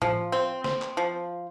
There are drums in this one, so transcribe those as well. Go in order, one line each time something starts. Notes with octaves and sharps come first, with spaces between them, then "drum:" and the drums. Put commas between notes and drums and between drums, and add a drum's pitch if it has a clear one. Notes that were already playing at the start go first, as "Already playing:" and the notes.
F3, drum: tom A2
C4
C4, drum: snare
drum: clap
F3